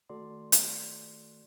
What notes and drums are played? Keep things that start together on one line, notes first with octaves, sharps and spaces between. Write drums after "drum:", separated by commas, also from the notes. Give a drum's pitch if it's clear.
D#3 A3 F#4 A4 D5 C6
drum: hi-hat